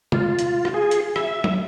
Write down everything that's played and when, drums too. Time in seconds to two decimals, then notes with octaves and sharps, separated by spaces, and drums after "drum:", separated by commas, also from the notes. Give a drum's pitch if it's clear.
0.12 F4, drum: tom
0.39 drum: hi-hat
0.65 drum: rim click
0.74 G#4
0.91 drum: hi-hat
1.16 E5, drum: rim click
1.44 drum: tom F#3